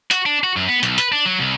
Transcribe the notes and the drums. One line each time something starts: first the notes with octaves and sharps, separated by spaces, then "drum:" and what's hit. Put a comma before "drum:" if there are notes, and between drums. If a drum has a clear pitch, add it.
F#4, drum: hi-hat
D4
F#4
F#2
B3
B1, drum: hi-hat
B4, drum: hi-hat
D4
F#3
C2